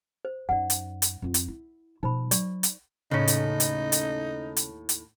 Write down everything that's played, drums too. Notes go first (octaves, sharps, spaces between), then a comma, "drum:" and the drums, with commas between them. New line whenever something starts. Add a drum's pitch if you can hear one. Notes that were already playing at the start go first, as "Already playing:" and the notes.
C5
F#2 D#4 D5 F#5
drum: hi-hat
drum: hi-hat
F2 F4
drum: hi-hat
E4
B2 F3 D#4 C5 B5
F#3 D5 C#6, drum: hi-hat
drum: hi-hat
D#2 A2 C#3 C#4 D#4
drum: hi-hat
drum: hi-hat
drum: hi-hat
drum: hi-hat
drum: hi-hat